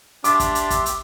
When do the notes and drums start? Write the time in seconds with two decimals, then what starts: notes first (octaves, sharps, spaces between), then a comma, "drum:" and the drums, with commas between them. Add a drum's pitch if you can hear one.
0.24 D4 G4 E5 C6 D6, drum: hi-hat
0.40 drum: kick, hi-hat
0.55 drum: hi-hat
0.70 drum: kick, hi-hat
0.86 drum: hi-hat